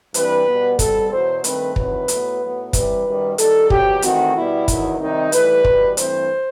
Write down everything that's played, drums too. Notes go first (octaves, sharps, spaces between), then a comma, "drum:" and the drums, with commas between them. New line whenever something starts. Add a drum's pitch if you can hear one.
G2 E3 G3 C4 B4, drum: hi-hat
B2 G3 B3
B2 G3 C4 A4, drum: kick, hi-hat
E2 B2 F#3 C5
G2 D#3 A3 C4 B4, drum: hi-hat
E2 C3 D#3 F#3 B4, drum: kick
A2 F#3 B3, drum: hi-hat
A2 F#3 B3
C3 E3 G3 B4, drum: kick, hi-hat
F#2 D#3 G3
D#2 D#3 G3 A4, drum: hi-hat
E2 B2 F#3 C4 G4, drum: kick
E2 D#3 A3 C4 F#4, drum: hi-hat
B2 G3 B3 E4
E2 D#3 F#3 B3, drum: kick, hi-hat
C3 D#3 G3 C4 D#4
A2 E3 G3 B4, drum: hi-hat
E2 B2 G3, drum: kick
G2 E3 A3 C4 C5, drum: hi-hat